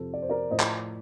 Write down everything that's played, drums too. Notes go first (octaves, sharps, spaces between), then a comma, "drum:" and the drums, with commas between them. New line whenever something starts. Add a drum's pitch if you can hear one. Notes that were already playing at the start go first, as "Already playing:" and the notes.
Already playing: F2 C3 F3 A4 C5
D5
C5
A#4 D5
A2 F3 C5 D#5
drum: clap